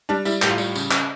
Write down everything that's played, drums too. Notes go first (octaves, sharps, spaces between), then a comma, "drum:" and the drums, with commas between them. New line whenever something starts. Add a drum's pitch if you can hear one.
G3 D4
G3 E4, drum: tambourine
A2 G4, drum: clap
F4
G3, drum: tambourine
C#3, drum: tambourine
C#3, drum: clap